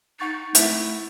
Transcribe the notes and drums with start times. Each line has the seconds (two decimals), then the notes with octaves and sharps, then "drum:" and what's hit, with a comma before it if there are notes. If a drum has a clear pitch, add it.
0.20 D#4 F#5 C#6 A6
0.55 A3 E4, drum: hi-hat